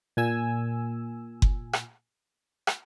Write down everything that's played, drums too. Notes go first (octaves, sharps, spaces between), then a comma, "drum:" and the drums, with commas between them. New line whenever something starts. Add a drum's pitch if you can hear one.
A#2 G#5 E6
drum: kick F#1
drum: rim click
drum: rim click